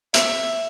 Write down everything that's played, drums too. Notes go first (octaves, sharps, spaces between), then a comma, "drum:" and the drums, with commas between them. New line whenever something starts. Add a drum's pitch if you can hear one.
E5, drum: hi-hat